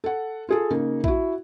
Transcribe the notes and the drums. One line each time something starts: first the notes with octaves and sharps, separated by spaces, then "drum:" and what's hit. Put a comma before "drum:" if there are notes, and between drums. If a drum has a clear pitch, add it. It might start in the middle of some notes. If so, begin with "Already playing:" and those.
A4 F#5
F4 G#4 A4
C#3 A#3 D#4
E4 F#4, drum: kick A#1